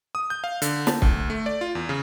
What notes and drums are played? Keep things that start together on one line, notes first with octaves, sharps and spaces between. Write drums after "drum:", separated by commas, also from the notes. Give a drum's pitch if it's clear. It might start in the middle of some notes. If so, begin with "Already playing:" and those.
D#6
G6
F5
D3, drum: hi-hat
A5, drum: snare
D2, drum: kick
A3
D5
F4
E2
C#3